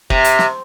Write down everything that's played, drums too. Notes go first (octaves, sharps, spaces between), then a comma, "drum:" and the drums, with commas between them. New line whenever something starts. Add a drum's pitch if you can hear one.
C3, drum: kick
drum: hi-hat
drum: snare